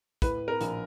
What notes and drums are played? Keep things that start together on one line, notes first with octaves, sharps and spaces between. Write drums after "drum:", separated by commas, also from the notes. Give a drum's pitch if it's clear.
A2 B4, drum: kick, hi-hat
A#4
A#1, drum: hi-hat